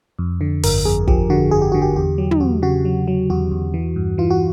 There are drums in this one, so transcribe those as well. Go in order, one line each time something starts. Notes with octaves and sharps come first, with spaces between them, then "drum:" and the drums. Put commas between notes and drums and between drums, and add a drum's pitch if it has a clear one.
F2
D3
G1 A#4, drum: open hi-hat
F2 G#4
F3 G4, drum: kick
D3 F#4
G1 G#4
G4
D3 F#4
G4
E2 G4
F#3
drum: tom
E2 F#4
C#3 F#4
F#3
F#3
E2 F#4
E2
E3
G2
E3 F4
F#4